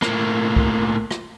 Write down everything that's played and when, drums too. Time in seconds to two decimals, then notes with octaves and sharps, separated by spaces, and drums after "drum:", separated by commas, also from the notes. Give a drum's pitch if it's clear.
0.02 A2 A#3, drum: rim click
0.56 drum: kick
1.11 drum: rim click